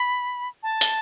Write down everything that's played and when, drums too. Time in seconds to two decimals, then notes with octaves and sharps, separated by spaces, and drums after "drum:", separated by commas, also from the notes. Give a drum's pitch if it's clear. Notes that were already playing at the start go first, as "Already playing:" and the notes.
Already playing: B5
0.63 A5
0.81 drum: hi-hat